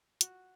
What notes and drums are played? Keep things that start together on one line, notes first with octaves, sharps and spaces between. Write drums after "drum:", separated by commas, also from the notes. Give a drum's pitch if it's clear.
F#4, drum: hi-hat